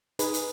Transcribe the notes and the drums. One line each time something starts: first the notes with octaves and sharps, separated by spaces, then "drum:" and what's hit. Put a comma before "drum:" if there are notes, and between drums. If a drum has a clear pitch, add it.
D#4 G#4 B4, drum: hi-hat
drum: hi-hat